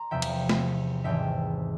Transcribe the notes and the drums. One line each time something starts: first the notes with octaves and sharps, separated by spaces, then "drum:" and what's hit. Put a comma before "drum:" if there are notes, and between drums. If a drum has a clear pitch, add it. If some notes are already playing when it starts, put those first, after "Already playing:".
Already playing: A#5 C6
E2 C3 F3 E5 G5
drum: cymbal
drum: snare
G#1 G#2 E3 E5 G5